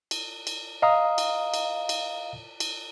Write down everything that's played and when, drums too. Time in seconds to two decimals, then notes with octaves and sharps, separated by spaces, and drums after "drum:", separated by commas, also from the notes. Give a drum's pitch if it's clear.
0.11 drum: cymbal
0.47 drum: cymbal
0.82 D#5 F5 A#5 D#6
1.18 drum: cymbal
1.54 drum: cymbal
1.89 drum: cymbal
2.60 drum: cymbal